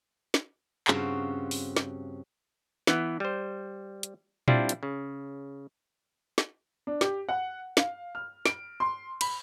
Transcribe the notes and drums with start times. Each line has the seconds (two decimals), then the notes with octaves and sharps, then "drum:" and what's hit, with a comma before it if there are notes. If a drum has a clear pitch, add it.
0.34 drum: snare
0.88 G2 C#3 C4 F4 F#4 C6, drum: clap
1.51 drum: open hi-hat
1.77 drum: snare
2.87 E3 B3, drum: snare
3.20 G3 C5
4.03 drum: hi-hat
4.48 G3 C4 D4 E4 F4, drum: tom A#2
4.69 drum: hi-hat
4.83 C#3
6.38 drum: snare
6.87 D4
7.01 G4, drum: snare
7.29 F#5
7.77 F5, drum: snare
8.15 F6
8.46 D7, drum: snare
8.80 C6
9.21 B5, drum: cymbal